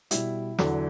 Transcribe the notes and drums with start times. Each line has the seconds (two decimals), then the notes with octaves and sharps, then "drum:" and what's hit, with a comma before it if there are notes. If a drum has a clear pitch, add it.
0.11 B2 G3 E4, drum: hi-hat
0.59 E2 D3 F#3, drum: snare